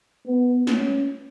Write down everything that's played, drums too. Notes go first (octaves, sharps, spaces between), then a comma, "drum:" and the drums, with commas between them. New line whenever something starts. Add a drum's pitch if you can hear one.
B3
C#4, drum: snare